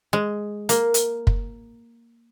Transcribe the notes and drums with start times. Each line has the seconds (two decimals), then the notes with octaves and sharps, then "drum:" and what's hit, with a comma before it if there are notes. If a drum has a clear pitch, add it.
0.13 G#3
0.69 A#3, drum: hi-hat
0.94 drum: hi-hat
1.27 drum: kick